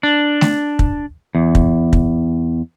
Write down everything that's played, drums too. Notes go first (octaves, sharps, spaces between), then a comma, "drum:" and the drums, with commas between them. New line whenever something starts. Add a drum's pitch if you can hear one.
D4
drum: snare A3
drum: kick
E2
drum: kick
drum: kick